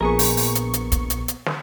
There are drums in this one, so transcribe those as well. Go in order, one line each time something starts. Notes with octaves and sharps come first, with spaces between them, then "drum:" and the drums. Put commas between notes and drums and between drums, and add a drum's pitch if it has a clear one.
A#1 B3 G#4 A#4 C#6
drum: open hi-hat
drum: open hi-hat
drum: hi-hat
drum: hi-hat
drum: kick, hi-hat
drum: hi-hat
drum: hi-hat
drum: snare